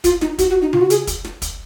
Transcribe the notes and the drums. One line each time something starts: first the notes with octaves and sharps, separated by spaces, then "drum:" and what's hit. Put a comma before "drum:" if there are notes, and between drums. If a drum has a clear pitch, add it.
F4, drum: kick, hi-hat
D#4, drum: snare
F#4, drum: kick, hi-hat
F#4
D#4
F4, drum: tom C#3
F#4
G#4, drum: hi-hat
drum: kick, hi-hat
drum: snare
drum: kick, hi-hat